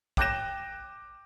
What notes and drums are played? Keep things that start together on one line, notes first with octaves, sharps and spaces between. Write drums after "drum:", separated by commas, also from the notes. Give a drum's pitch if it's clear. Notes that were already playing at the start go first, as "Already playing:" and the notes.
G5 D6 F#6 G6 A#6 E7, drum: kick